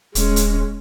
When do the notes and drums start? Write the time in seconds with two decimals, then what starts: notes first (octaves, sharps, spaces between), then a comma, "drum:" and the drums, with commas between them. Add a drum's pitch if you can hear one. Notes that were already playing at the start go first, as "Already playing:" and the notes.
0.15 D#1 G#3 C#4, drum: hi-hat
0.36 drum: hi-hat